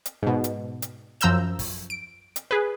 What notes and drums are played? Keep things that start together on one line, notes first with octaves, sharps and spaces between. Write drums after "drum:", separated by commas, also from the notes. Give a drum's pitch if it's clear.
drum: hi-hat
G#2 B2
drum: hi-hat
drum: hi-hat
F#2 F3 A#5 E6 G6 E7, drum: hi-hat
drum: kick, open hi-hat
D7
drum: hi-hat
G#4 B4